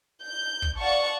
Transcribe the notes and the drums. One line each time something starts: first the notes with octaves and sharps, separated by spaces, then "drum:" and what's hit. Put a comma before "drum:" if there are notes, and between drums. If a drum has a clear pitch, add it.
G6
drum: kick
D5 F5 F#5 A5 C#6